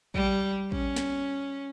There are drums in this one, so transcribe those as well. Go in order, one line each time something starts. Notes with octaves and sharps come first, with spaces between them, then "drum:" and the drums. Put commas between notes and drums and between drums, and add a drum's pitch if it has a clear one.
G3, drum: kick
C#4, drum: kick
drum: snare